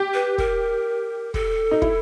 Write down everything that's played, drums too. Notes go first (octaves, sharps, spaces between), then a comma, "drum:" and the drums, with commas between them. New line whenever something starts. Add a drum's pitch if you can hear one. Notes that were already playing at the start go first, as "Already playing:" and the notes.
Already playing: G4
B4
A#4, drum: kick
A4, drum: kick
D#4
E4, drum: kick